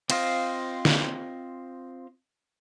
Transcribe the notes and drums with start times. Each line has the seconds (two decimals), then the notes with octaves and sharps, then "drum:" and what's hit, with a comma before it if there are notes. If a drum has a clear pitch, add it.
0.10 C4 F4 C5 D#5 F5, drum: cymbal
0.85 drum: snare